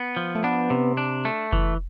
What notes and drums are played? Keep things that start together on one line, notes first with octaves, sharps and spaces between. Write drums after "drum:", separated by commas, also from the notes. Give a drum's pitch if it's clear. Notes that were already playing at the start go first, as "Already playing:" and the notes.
Already playing: B3
F3
A3
B3 D4
C3
D4
A3
E3, drum: kick F1